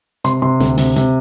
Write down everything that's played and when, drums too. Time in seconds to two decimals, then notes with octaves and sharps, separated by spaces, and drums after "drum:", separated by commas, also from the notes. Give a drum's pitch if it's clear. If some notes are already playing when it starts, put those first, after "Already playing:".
0.24 C3 C6, drum: hi-hat
0.42 C3 C6
0.60 D2, drum: snare
0.78 C3, drum: open hi-hat
0.96 C3, drum: hi-hat